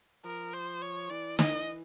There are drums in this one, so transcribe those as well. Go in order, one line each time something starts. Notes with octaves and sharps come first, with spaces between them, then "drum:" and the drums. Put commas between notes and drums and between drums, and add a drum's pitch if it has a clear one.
F3 A#4
C5
C#5
E3 D5
D#5, drum: snare